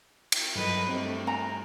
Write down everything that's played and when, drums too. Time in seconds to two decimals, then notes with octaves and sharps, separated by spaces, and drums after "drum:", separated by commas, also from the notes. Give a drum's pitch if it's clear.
0.32 drum: cymbal
0.55 G2 F#3 A4 B4 D#5
0.89 G2 G3 A3 C4
1.27 A#5